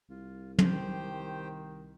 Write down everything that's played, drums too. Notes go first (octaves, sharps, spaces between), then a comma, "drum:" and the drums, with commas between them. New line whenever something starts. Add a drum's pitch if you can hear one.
C2 F4
D#3 G4 C5 G5, drum: tom